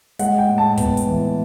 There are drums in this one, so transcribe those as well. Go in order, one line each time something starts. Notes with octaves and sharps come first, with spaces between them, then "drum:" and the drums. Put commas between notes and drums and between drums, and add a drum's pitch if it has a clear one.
G#3 F#5, drum: hi-hat
G5
A2
A5
B3, drum: kick, hi-hat
drum: hi-hat
E3